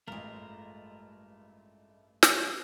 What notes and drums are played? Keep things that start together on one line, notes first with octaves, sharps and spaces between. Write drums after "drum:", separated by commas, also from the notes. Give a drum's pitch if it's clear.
A1 G2 G#3 A3 F4 A#4
drum: snare